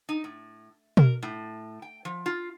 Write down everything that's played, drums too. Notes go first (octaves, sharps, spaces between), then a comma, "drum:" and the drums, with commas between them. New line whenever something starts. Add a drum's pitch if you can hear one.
D#4
A2
A#4, drum: tom B2
A2
G5
F3
F4